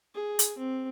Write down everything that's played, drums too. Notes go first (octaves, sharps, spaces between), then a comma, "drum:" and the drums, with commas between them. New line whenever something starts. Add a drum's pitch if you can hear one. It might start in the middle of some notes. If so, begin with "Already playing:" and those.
G#4
drum: hi-hat
C4